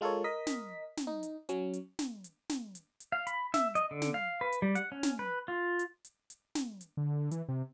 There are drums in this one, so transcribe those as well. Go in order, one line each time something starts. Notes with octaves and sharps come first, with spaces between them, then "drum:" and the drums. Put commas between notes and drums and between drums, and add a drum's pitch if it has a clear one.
G#3 F4 A4 A#4 C#5
A#4 D#5 B6
drum: snare
drum: snare
D#4
drum: hi-hat
F#3 C#4, drum: hi-hat
drum: hi-hat
drum: snare
drum: hi-hat
drum: snare
drum: hi-hat
drum: hi-hat
F5
B5, drum: hi-hat
E5, drum: snare
D#5, drum: hi-hat
D3
drum: snare
F5
B4
drum: hi-hat
G3
F#5, drum: hi-hat
C#4
drum: snare
B4
F4
drum: hi-hat
drum: hi-hat
drum: hi-hat
drum: snare
drum: hi-hat
D3
E3, drum: hi-hat
C3